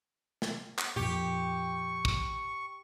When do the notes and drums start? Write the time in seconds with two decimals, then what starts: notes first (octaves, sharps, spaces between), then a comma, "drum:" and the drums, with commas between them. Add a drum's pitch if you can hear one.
0.42 drum: snare
0.79 drum: clap
0.96 F2 A#2 G4 C#6
2.05 drum: kick